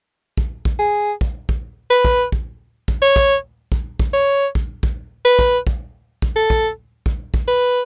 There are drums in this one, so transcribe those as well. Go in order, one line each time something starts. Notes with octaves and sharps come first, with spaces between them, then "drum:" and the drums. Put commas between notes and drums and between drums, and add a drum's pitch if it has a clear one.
drum: kick
drum: kick
G#4
drum: kick
drum: kick
B4
drum: kick
drum: kick
drum: kick
C#5
drum: kick
drum: kick
drum: kick
C#5
drum: kick
drum: kick
B4
drum: kick
drum: kick
drum: kick
A4
drum: kick
drum: kick
drum: kick
B4